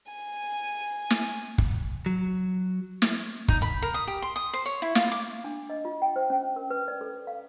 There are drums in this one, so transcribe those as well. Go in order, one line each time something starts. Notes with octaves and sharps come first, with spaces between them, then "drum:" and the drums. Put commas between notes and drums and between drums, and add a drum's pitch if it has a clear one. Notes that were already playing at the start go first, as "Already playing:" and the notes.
G#5
drum: snare
drum: kick
F#3
drum: snare
D#4, drum: kick
B5
A#4
D#6
G4
C6
D#6
C5
C#5
E4
F4, drum: snare
D6
D4
D#5
F4
G5
C5
C#4
A#4
B4
D5
A4
F5